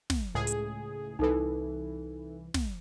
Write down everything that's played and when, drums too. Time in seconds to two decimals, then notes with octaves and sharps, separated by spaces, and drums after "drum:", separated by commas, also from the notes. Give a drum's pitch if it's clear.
0.10 drum: snare
0.34 C#2 A2 G#4
0.47 drum: hi-hat
1.19 C2 E3 D#4 A4
2.54 drum: snare